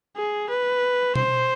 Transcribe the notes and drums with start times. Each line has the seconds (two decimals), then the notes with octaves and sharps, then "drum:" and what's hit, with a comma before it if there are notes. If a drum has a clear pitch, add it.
0.17 G#4
0.49 B4
1.15 C5, drum: tom B2